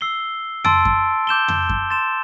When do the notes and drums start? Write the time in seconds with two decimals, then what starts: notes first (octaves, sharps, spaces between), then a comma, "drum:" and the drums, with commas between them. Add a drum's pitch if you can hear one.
0.01 E6 C7 G7
0.64 A5 C6 E6 A6 D7, drum: tom F2
0.85 drum: kick F#2
1.27 D6 G6 E7 G7
1.48 drum: tom F2
1.69 drum: kick F#2
1.90 C6 A6 E7